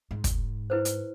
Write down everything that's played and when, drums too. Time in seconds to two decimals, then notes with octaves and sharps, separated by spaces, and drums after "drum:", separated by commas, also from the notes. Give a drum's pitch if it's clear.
0.11 G#2
0.24 drum: kick, hi-hat
0.70 E4 B4 C5
0.85 drum: hi-hat